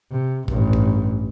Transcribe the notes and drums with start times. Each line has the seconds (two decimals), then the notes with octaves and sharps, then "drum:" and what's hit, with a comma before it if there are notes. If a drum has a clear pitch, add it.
0.11 C3
0.48 A1 G2, drum: kick
0.73 drum: kick